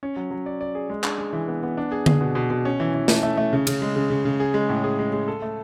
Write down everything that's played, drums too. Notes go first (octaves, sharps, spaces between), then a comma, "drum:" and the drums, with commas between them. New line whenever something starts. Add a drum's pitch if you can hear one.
C#4
F#3
F#3
D5
D5
G#4
G#3
D4, drum: clap
G#3
E3
B3
B3
D4
G#4
G#4, drum: tom D3
B2
B2
B2
C#4
E3
E3
A3, drum: snare
A3
A3
C#3
C#3, drum: cymbal
G#3
C#3
C#3
C#3
G#4
G#3
A2
G#4
G#3
G#3
A4
A3